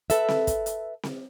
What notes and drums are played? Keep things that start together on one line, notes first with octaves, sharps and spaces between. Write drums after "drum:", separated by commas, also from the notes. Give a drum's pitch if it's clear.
A4 B4 E5, drum: hi-hat
drum: snare C4
drum: kick, hi-hat
drum: hi-hat
drum: snare C4